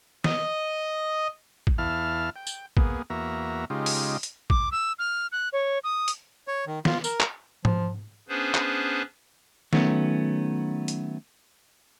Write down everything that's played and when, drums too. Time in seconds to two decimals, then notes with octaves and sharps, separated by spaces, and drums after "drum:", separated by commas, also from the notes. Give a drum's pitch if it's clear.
0.24 D#5, drum: snare
1.67 drum: kick
1.78 E2 E4 F5 A5 F6
2.36 G5
2.47 drum: tambourine
2.77 A#3 B3 G#4, drum: kick
3.10 E2 A#3 F#4 E5 A#5
3.70 C#3 G#3 D#4 F4 G4
3.86 drum: open hi-hat
4.23 drum: hi-hat
4.50 D6, drum: kick
4.72 E6
4.99 F6
5.32 F#6
5.53 C#5
5.84 D#6
6.08 drum: hi-hat
6.48 C#5
6.67 D#3
6.85 F4, drum: snare
7.04 A#4, drum: tambourine
7.20 drum: clap
7.65 F3, drum: tom G#2
8.29 B3 C#4 D4 G#4 B4 C5
8.54 drum: clap
9.73 D#3 F#3 A3 B3 C#4, drum: snare
10.88 drum: hi-hat